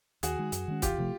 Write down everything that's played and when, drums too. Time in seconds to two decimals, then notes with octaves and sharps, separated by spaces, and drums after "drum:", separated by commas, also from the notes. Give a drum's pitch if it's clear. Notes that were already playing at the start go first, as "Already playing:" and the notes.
0.23 D#2 F#4 G#4, drum: hi-hat
0.38 D#3 G#3
0.52 F#2, drum: hi-hat
0.68 D#3 G#3 C#4
0.82 E2 F4 G4, drum: kick, hi-hat
0.98 C3 F3 A3